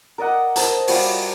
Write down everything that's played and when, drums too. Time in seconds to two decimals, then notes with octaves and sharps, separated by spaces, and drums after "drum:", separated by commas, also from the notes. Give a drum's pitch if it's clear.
0.18 A#4 D5 D#5 F#5
0.56 A#4 C5 D#5 A5, drum: hi-hat
0.87 G3 F4 F#4 C#6, drum: open hi-hat